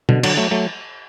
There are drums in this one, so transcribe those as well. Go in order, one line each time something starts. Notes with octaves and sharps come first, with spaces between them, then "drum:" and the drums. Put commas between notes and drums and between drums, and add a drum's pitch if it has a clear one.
B2 D3, drum: tom
D3 F#3, drum: cymbal
F#3 A3
F#3 A3